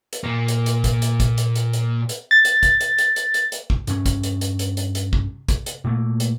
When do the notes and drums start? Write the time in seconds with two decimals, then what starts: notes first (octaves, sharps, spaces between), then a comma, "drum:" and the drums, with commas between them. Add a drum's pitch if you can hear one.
0.13 drum: hi-hat
0.24 A#2 A#3
0.48 drum: hi-hat
0.66 drum: hi-hat
0.84 drum: kick, hi-hat
1.02 drum: hi-hat
1.20 drum: kick, hi-hat
1.38 drum: hi-hat
1.56 drum: hi-hat
1.73 drum: hi-hat
2.09 drum: hi-hat
2.31 A6
2.45 drum: hi-hat
2.63 drum: kick, hi-hat
2.81 drum: hi-hat
2.98 drum: hi-hat
3.16 drum: hi-hat
3.34 drum: hi-hat
3.52 drum: hi-hat
3.70 drum: kick
3.87 G2 C#4, drum: hi-hat
4.06 drum: kick, hi-hat
4.23 drum: hi-hat
4.41 drum: hi-hat
4.59 drum: hi-hat
4.77 drum: hi-hat
4.95 drum: hi-hat
5.13 drum: kick
5.49 drum: kick, hi-hat
5.66 drum: hi-hat
5.84 A#2 A3 A#3
6.20 drum: hi-hat